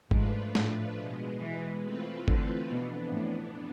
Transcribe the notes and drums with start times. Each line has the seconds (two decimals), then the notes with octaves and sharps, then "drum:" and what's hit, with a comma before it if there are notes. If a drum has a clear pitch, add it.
0.11 G#2 F3 A3 D4 F4 B4, drum: kick G1
0.55 A2, drum: snare
0.98 B2 G#3 B3
1.41 E3
1.84 E3 A3 C4 F4 B4
2.28 D3, drum: kick G1
2.71 F2 B2 E3 B3 D4
3.13 A2